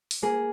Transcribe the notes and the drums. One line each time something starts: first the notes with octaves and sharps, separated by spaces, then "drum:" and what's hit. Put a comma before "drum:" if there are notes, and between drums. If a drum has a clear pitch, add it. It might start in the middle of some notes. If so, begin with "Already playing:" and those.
drum: open hi-hat
A#3 G#4